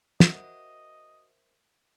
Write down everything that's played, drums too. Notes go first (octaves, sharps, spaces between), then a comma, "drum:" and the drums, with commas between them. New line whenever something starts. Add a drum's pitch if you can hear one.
F#4 A#4 C5 D#5 E5, drum: snare